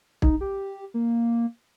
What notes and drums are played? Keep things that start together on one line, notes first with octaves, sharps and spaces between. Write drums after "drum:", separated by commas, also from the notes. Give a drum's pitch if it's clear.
D#4, drum: kick
G4
A#3